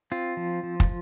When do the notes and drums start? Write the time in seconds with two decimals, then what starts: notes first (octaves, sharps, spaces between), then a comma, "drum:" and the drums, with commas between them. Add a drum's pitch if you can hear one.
0.12 C4 F4
0.37 F3
0.63 F3
0.80 drum: kick